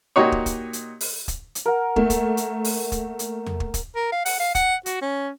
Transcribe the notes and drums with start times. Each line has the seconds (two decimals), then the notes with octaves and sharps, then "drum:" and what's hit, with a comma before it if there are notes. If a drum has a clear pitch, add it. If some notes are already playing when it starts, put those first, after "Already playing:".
0.16 A#2 D#4 F#4 G4 C#5
0.32 drum: kick
0.46 drum: kick, hi-hat
0.73 drum: hi-hat
1.01 drum: open hi-hat
1.28 drum: kick, hi-hat
1.55 drum: hi-hat
1.65 A#4 F#5
1.96 A3 A#3, drum: kick
2.10 drum: kick, hi-hat
2.37 drum: hi-hat
2.64 drum: open hi-hat
2.92 drum: kick, hi-hat
3.19 drum: hi-hat
3.46 drum: tom E2
3.60 drum: kick
3.74 drum: kick, hi-hat
3.95 A#4
4.12 F5
4.26 F#5, drum: open hi-hat
4.40 F5
4.55 F#5, drum: kick, hi-hat
4.86 F#4, drum: hi-hat
5.02 C#4